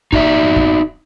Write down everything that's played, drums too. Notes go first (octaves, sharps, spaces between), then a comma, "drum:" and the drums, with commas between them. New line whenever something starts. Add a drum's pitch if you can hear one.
D#4 F#4 D5 E5, drum: kick
drum: kick